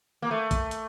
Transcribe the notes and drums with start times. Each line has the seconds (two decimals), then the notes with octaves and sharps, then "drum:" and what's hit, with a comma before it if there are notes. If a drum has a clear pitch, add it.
0.22 A#3
0.31 A3
0.51 drum: kick, hi-hat
0.71 drum: hi-hat